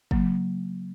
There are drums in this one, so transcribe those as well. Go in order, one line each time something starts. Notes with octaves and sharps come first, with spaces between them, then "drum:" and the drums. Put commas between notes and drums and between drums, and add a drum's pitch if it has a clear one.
C#3 F#3 A#3, drum: kick